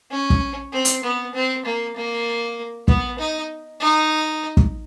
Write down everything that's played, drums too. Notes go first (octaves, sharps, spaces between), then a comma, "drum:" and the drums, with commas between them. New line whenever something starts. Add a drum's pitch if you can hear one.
C#4
drum: kick
C4
drum: hi-hat
B3
C4
A#3
A#3
B3, drum: kick
D#4
D#4
drum: kick